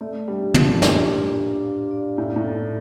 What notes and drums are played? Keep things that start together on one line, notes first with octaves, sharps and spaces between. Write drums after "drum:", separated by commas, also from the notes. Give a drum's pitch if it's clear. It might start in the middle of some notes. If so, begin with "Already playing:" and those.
A3 D5
G3 D4
F3 D4, drum: tom
A#2
G2 G4, drum: snare
A2
A#2 G4
D4
F5
D5
A2 E4
A2
A4